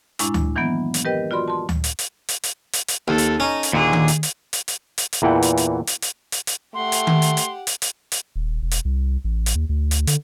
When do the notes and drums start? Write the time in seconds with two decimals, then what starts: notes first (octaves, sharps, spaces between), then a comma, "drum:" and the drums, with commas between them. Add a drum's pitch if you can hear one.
0.19 F#2 A2 G#3 D4 E4, drum: hi-hat
0.34 drum: tom D2
0.56 D#3 E3 F#3 A#3 B3
0.94 drum: hi-hat
1.05 G4 A#4 B4 D#5 G5
1.31 F4 F#4 D5 B5 C6
1.48 A5 C6
1.69 drum: tom D2
1.84 drum: hi-hat
1.99 drum: hi-hat
2.29 drum: hi-hat
2.43 drum: hi-hat
2.73 drum: hi-hat
2.88 drum: hi-hat
3.08 D#2 A4
3.18 drum: hi-hat
3.40 C#4 D#4
3.63 drum: hi-hat
3.73 D#2 A#2 D3 G#4
3.93 drum: tom D#3
4.08 drum: hi-hat
4.23 drum: hi-hat
4.53 drum: hi-hat
4.68 drum: hi-hat
4.98 drum: hi-hat
5.13 drum: hi-hat
5.22 E2 A#2 E3 F#5 G5
5.43 drum: hi-hat
5.57 drum: hi-hat
5.87 drum: hi-hat
6.02 drum: hi-hat
6.32 drum: hi-hat
6.47 drum: hi-hat
6.74 A3 G4 F#5 C6
6.92 drum: hi-hat
7.07 drum: tom D#3
7.22 drum: hi-hat
7.37 drum: hi-hat
7.67 drum: hi-hat
7.82 drum: hi-hat
8.12 drum: hi-hat
8.36 D#1
8.62 E1
8.71 drum: hi-hat
8.85 C2
9.24 A1
9.46 drum: hi-hat
9.55 D#2
9.69 D2
9.91 drum: hi-hat
10.07 D3, drum: hi-hat